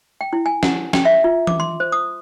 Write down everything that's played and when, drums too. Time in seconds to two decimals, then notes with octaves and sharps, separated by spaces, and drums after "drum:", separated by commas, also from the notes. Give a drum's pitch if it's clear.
0.21 G5
0.33 E4
0.46 G#5
0.63 F#5, drum: snare
0.93 G5, drum: snare
1.05 E5
1.24 F4
1.47 D6, drum: tom E3
1.60 C6
1.80 C5
1.92 D#6